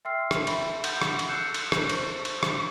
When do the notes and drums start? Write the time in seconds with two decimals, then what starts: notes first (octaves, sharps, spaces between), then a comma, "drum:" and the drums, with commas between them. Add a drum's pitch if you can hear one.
0.05 E5 G5 C6 E6 F6 C7
0.31 drum: rim click
0.47 E5 B5, drum: cymbal
0.84 F#5 G6, drum: cymbal
1.01 drum: rim click
1.19 drum: cymbal
1.29 E6 F#6 G6 C7 C#7 E7
1.54 drum: cymbal
1.72 drum: rim click
1.89 C5 C#6, drum: cymbal
2.25 drum: cymbal
2.43 drum: rim click